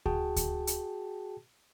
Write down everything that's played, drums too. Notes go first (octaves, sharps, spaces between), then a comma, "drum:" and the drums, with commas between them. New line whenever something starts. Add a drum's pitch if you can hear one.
F#4 G#4 G5 A5, drum: kick D2
drum: kick D2, hi-hat
drum: hi-hat